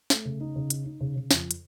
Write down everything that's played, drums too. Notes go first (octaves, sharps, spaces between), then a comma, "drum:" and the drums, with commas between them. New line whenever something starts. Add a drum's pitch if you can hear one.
A3, drum: snare
C#3
D#4
C#3
D#4, drum: hi-hat
D#4
C#3
C#3
F2, drum: snare
drum: hi-hat